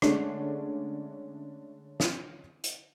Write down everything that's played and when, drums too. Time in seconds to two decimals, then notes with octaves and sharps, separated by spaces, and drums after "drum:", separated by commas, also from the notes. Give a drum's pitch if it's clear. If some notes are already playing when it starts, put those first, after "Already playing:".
0.02 D3 G#3 A3 C#4 D4, drum: rim click
2.00 drum: snare
2.64 drum: hi-hat